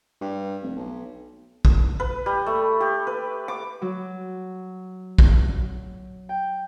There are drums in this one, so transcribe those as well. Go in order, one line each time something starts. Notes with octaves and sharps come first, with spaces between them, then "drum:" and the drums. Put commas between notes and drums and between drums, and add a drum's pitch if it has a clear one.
G2
F1
B1
drum: kick
B4
G3
A3
G4
B4
D6
F#3
drum: kick
G5